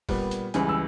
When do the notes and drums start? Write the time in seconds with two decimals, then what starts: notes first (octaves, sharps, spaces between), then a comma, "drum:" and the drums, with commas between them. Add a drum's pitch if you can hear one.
0.09 A#2 G3 B3, drum: kick, open hi-hat
0.31 drum: hi-hat
0.54 C#2 C#3 E3 G3 G#5, drum: hi-hat
0.69 E6